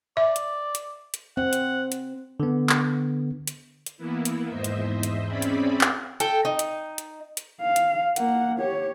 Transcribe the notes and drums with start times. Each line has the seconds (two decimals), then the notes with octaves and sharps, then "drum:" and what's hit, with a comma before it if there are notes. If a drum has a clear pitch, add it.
0.17 D5 E5
0.36 drum: hi-hat
0.75 drum: hi-hat
1.14 drum: hi-hat
1.37 C4 F#5
1.53 drum: hi-hat
1.92 drum: hi-hat
2.40 D3 B3
2.70 drum: clap
3.47 drum: hi-hat
3.86 drum: hi-hat
3.97 E3 A#3 B3 E4
4.25 drum: hi-hat
4.49 E2 G#2 C5 D#5 E5
4.64 drum: hi-hat
5.03 drum: hi-hat
5.27 C4 C#4 G#4 D5 E5 B5
5.42 drum: hi-hat
5.81 drum: clap
6.20 A4 G5, drum: hi-hat
6.45 D#4
6.59 drum: hi-hat
6.98 drum: hi-hat
7.37 drum: hi-hat
7.61 F5
7.76 drum: hi-hat
8.16 A#3 F#5, drum: hi-hat
8.59 G4 C#5